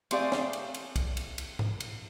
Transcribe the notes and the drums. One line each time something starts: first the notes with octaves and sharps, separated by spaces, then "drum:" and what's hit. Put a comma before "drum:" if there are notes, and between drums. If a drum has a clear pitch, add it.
A3 C4 G4 G#4 D5 F5, drum: cymbal
drum: snare
drum: cymbal
drum: cymbal
drum: kick, cymbal
drum: cymbal
drum: cymbal
drum: tom G#2
drum: cymbal